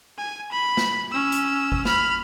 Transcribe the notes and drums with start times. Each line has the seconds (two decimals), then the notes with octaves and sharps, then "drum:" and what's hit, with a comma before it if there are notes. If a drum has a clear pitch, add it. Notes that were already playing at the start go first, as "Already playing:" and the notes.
0.18 G#5
0.52 B5
0.77 drum: snare
1.11 C#4 E6
1.32 drum: hi-hat
1.72 drum: kick G#1
1.85 B5 F6, drum: snare